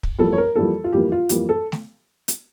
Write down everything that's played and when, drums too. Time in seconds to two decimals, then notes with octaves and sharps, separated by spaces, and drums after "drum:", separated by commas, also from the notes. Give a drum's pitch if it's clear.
0.03 drum: kick
0.19 F2 E3 G3 A#3 A4
0.33 C#5
0.38 A#4
0.56 F2 E3 G3 A#3 A4
0.84 F4
0.93 F2 E3 G3 A#3 G4
1.12 F4
1.29 F2 E3 G3 A#3 G4, drum: hi-hat
1.49 A4
1.72 drum: snare A3
2.28 drum: hi-hat